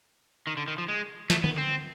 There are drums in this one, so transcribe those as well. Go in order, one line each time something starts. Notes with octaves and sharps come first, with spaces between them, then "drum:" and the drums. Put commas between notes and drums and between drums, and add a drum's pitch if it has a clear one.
D#3
D3
D#3
F3
G#3
A3, drum: snare
B3, drum: tom D3
C4